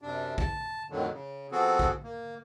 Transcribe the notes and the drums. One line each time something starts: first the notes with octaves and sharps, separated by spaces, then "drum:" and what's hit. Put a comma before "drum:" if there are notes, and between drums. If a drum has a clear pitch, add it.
F#2 C3 D4
A5, drum: kick A#1
F2 A2 D3 D#3 F#3
C#3
F3 B3 C4 F#4 G#4 A4
drum: kick A#1
A#3